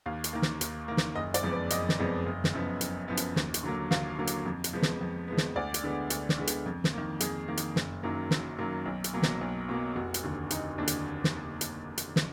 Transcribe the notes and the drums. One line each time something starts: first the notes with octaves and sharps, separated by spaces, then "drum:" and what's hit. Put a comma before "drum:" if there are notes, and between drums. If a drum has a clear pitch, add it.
D#2 F5
drum: hi-hat
D#3 A#3
drum: snare
D#2, drum: hi-hat
D#3 A#3
drum: snare
F#1 D#5
D5, drum: hi-hat
F2 F3 G#3 B3
B4
F#1 D#5, drum: hi-hat
drum: snare
F2 F3 G#3 B3
F#1
drum: snare
F#2 F3 B3
F#1, drum: hi-hat
F#2 F3 B3
drum: hi-hat
D#2, drum: snare
drum: hi-hat
D3 F#3 A#3
D#2 F5, drum: snare
D3 F#3 A#3
drum: hi-hat
F2
drum: hi-hat
F3 G#3 B3
drum: snare
F2
F3 G#3 B3
drum: snare
D2 D5
drum: hi-hat
D3 G#3 B3
D2, drum: hi-hat
drum: snare
D3 G#3 B3
drum: hi-hat
F2
drum: snare
D#3 A#3
F2 G#4, drum: hi-hat
D#3 A#3
drum: hi-hat
F#1, drum: snare
F#2 D#3 F#3 A#3
F#1, drum: snare
F#2 D#3 F#3 A#3
B1
drum: hi-hat
B2 F#3 A#3
drum: snare
B1
B2 F#3 A#3
F1 F#4
drum: hi-hat
D#2 D3
F1 D#4, drum: hi-hat
D#2 D3 D4
drum: hi-hat
drum: snare
drum: hi-hat
drum: hi-hat
drum: snare